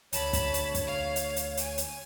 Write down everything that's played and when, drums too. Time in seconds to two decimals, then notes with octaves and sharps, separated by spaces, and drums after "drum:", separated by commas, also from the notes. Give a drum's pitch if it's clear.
0.13 D2 C#5 A5 B5, drum: hi-hat
0.33 drum: kick, hi-hat
0.54 drum: hi-hat
0.75 drum: kick, hi-hat
0.87 F5
1.16 drum: hi-hat
1.36 drum: hi-hat
1.57 G#5, drum: hi-hat
1.78 drum: hi-hat